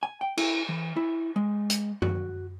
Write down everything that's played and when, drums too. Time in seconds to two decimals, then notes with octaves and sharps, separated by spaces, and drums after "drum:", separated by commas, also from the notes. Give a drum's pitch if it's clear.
0.03 G#5
0.21 G5
0.37 E4, drum: cymbal
0.69 E3
0.96 E4
1.36 G#3
1.70 drum: hi-hat
2.02 F#4, drum: tom F#2